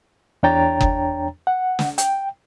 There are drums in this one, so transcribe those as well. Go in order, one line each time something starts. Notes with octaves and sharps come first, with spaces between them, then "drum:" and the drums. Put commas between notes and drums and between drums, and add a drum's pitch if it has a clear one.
E2 D4 C#5 G5 A#5 A6
drum: kick F#1
F#5
drum: snare
G5, drum: hi-hat